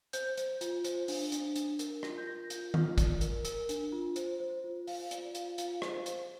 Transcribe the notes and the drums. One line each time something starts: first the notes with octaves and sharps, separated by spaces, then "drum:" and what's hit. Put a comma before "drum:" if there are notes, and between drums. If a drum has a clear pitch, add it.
C5 G6, drum: hi-hat
C5, drum: hi-hat
F4, drum: hi-hat
C5, drum: hi-hat
D4, drum: open hi-hat
D4, drum: hi-hat
D4, drum: hi-hat
A#4, drum: hi-hat
F4 A#6, drum: rim click
G6
A#4 A#6
F4 G6, drum: hi-hat
F4 F6, drum: tom D#3
D5, drum: kick, hi-hat
A#4, drum: hi-hat
A#4, drum: hi-hat
D4, drum: hi-hat
F4
C5, drum: hi-hat
C5
F4
C5 F5, drum: open hi-hat
F4 D5, drum: hi-hat
F5
D5
F4 F5, drum: hi-hat
F4 F5, drum: hi-hat
C5 F5, drum: rim click
C5, drum: hi-hat